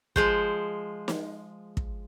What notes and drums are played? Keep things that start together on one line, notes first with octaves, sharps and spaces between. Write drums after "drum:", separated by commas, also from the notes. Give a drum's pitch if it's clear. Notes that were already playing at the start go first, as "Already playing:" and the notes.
F3 G#3 C5, drum: kick
drum: snare
drum: kick